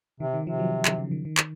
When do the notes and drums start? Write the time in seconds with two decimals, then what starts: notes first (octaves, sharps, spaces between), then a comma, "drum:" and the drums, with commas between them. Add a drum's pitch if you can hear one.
0.20 C3 D#3
0.34 D#3
0.47 C3 F3
0.59 F#3
0.72 F#3
0.85 D#3, drum: clap
0.98 C#3
1.11 D#3
1.25 D#3
1.38 drum: clap